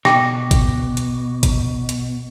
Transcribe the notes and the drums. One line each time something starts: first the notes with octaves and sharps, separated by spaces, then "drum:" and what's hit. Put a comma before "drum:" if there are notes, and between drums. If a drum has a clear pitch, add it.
B2 G5 D6 A#6, drum: rim click
drum: kick, hi-hat
drum: hi-hat
drum: kick, hi-hat
drum: hi-hat